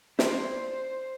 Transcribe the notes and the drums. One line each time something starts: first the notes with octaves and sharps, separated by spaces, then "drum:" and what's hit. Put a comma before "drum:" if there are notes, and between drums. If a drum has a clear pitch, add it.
E4 C5 D5, drum: snare